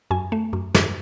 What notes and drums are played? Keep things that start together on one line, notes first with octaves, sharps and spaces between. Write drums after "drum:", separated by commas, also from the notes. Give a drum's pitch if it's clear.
F#2 G#5
A3
F#2
F#2, drum: snare